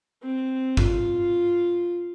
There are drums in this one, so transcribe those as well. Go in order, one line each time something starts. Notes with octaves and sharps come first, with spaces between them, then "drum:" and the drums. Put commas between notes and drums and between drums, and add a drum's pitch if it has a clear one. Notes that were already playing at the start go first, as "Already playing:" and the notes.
C4
F4, drum: kick G#1